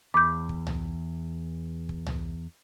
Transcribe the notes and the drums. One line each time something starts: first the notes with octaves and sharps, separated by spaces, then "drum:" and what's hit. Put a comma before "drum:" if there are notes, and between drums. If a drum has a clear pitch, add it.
E2 B5 D6 G6
drum: kick
drum: tom
drum: kick
drum: tom